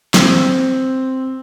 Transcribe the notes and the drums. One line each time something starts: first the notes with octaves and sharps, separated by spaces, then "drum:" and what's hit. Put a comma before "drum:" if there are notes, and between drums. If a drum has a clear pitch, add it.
C4, drum: snare